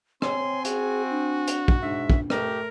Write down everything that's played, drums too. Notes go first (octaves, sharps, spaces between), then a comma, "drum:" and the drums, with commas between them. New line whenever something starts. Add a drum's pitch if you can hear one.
C4 C#5 G#5 C6, drum: rim click
F#4 G#4, drum: hi-hat
D4
drum: hi-hat
drum: kick
G#2 D4 E5
drum: kick
A3 G4 A#4, drum: rim click